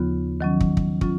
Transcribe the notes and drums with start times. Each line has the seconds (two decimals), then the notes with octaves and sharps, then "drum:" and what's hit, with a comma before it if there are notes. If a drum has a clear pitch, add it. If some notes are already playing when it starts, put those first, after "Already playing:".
Already playing: D#2 C#3 F3 B3 F4
0.41 D#3 F#3 C#4
0.61 drum: kick
0.77 drum: kick
1.01 F#3 C#4 F4, drum: kick